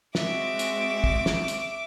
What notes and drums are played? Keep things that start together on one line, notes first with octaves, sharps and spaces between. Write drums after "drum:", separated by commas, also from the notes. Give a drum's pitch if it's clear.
G#3 C4 F#4 E5 D6, drum: snare
drum: hi-hat
drum: kick
drum: snare
drum: hi-hat